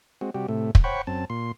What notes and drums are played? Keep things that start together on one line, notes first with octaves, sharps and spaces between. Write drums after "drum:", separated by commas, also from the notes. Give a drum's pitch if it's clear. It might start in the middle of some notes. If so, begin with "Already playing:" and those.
G#3 C4 F#4
C3 G3 F#4 G4
A2 C3 A3
drum: kick
C5 C#5 F#5 G5 B5 C#6
F#2 C4 A5
A#2 C6